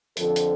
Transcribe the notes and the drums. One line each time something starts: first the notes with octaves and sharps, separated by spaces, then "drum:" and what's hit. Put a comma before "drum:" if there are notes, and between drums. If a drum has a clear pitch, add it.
F2 D3 F3 A4, drum: hi-hat
drum: hi-hat